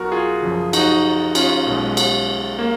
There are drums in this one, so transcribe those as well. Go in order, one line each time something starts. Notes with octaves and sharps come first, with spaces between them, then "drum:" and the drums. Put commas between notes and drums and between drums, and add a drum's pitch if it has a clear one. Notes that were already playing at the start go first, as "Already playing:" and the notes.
Already playing: B1 B2 F#3 F#4 A#4
F4 G#4
F#2 C#3 F3
D#4 F#4, drum: cymbal
C#4 F4, drum: cymbal
B1 B2 G#3
drum: cymbal
A#3